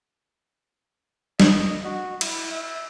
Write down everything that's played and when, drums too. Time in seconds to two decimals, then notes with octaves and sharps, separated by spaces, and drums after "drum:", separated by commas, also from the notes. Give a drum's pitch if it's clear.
1.40 D#5, drum: snare
1.85 F#4
2.21 E4, drum: cymbal
2.51 E5